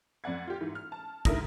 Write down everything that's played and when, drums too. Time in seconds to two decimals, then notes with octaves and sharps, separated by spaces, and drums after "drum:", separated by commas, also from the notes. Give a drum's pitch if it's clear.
0.24 F2 D5 F#5 G#6
0.47 F4 G4
0.61 G#2 E3
0.75 F6
0.92 A5
1.25 G#2 D3 E4 A#4 D#6 A#6, drum: kick, hi-hat